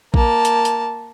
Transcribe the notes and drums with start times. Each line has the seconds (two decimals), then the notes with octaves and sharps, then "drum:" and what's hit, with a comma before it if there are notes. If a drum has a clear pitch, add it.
0.14 A#3 A5, drum: kick A#1
0.45 drum: hi-hat
0.65 drum: hi-hat